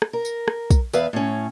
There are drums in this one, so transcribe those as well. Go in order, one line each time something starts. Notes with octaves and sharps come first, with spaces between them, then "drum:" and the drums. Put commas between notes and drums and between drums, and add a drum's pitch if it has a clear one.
drum: rim click
A#4
drum: tambourine
drum: rim click
drum: kick, tambourine
E2 B4 E5 F5, drum: tambourine
A2 C#4